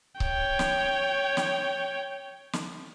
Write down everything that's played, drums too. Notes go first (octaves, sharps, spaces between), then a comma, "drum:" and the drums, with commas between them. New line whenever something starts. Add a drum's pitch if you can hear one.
C#5 G5, drum: kick C#1
drum: snare
drum: snare
drum: snare